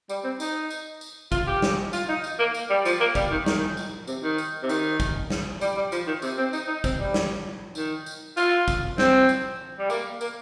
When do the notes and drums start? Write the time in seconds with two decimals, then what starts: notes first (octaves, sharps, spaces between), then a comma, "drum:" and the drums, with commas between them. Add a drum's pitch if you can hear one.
0.09 G3, drum: tambourine
0.24 C4
0.40 D#4, drum: tambourine
0.70 drum: tambourine
1.01 drum: tambourine
1.32 F4, drum: kick, tambourine
1.47 G4
1.62 drum: snare
1.93 F4, drum: tambourine
2.09 D#4
2.24 drum: tambourine
2.39 A#3
2.54 drum: tambourine
2.70 G3
2.85 F3, drum: tambourine
3.00 A#3
3.15 G3, drum: kick, tambourine
3.31 D#3
3.46 D#3, drum: snare
3.77 drum: tambourine
4.07 C3, drum: tambourine
4.23 D#3
4.38 drum: tambourine
4.63 C3
4.69 D#3, drum: tambourine
5.00 drum: kick, tambourine
5.30 drum: snare
5.61 G3, drum: tambourine
5.77 G3
5.92 F3, drum: tambourine
6.07 D#3
6.22 C3, drum: tambourine
6.38 C4
6.53 D#4, drum: tambourine
6.68 D#4
6.84 C4, drum: kick, tambourine
6.99 G3
7.14 drum: snare
7.75 D#3, drum: tambourine
8.06 drum: tambourine
8.37 F4, drum: tambourine
8.68 drum: kick, tambourine
8.98 C4, drum: snare
9.29 drum: tambourine
9.78 G3
9.90 A#3, drum: tambourine
10.21 A#3, drum: tambourine